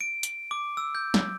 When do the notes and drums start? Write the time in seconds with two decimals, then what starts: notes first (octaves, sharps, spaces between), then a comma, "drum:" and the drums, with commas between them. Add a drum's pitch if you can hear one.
0.01 D7
0.23 drum: hi-hat
0.51 D6
0.77 E6
0.95 G6
1.14 drum: snare